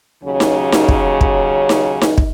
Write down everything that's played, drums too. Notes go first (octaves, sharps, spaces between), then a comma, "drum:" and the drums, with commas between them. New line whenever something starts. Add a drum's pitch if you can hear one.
D#2 C#3 F#3 C#4
drum: snare D#4
drum: snare D#4
drum: kick
drum: kick
drum: snare D#4
drum: snare D#4
drum: kick